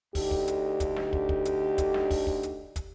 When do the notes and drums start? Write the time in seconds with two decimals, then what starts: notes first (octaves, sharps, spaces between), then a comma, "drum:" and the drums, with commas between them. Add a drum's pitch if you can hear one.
0.15 D2 D3 D#4 G4, drum: kick, open hi-hat
0.31 drum: kick
0.48 drum: hi-hat
0.80 drum: kick, hi-hat
0.96 drum: snare
1.13 drum: kick
1.29 drum: kick
1.45 drum: hi-hat
1.78 drum: kick, hi-hat
1.94 drum: snare
2.11 drum: kick, open hi-hat
2.27 drum: kick
2.43 drum: hi-hat
2.76 drum: kick, hi-hat